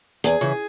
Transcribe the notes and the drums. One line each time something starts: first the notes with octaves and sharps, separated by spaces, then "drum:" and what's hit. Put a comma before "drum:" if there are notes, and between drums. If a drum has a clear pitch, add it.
E2 G#4, drum: hi-hat
C#3 E3